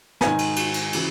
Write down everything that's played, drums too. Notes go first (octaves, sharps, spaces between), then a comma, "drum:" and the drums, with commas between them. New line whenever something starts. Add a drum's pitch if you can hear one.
G#2 D#3 G#5, drum: snare
drum: cymbal
drum: cymbal
drum: cymbal
C#3 E3, drum: cymbal